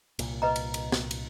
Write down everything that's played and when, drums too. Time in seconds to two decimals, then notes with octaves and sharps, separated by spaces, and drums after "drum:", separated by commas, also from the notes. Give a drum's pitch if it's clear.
0.19 C2 A#2, drum: cymbal
0.42 B4 D#5 A#5
0.56 drum: cymbal
0.74 drum: cymbal
0.92 drum: snare
1.11 drum: cymbal